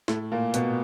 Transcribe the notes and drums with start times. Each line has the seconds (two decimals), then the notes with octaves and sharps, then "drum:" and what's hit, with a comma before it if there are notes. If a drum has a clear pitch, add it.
0.08 A2 A3, drum: snare
0.32 A#2 A#3
0.54 B2 B3, drum: hi-hat